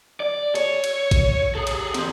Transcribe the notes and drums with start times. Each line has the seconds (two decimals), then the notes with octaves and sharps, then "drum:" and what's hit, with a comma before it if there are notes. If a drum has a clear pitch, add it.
0.20 D5
0.55 C#5, drum: cymbal
0.84 drum: cymbal
1.11 drum: kick A1, cymbal
1.55 G#4 A4
1.67 drum: cymbal
1.94 E2 C4, drum: cymbal